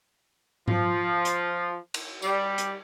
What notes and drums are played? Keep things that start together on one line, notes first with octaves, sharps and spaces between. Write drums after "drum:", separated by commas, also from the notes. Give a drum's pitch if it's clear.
F3, drum: tom G#2
drum: hi-hat
drum: cymbal
G3, drum: tambourine
drum: hi-hat